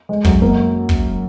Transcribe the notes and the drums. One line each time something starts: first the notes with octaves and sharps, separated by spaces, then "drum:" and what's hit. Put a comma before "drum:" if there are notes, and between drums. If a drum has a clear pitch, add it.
G#3
F#2, drum: kick
A#3
drum: kick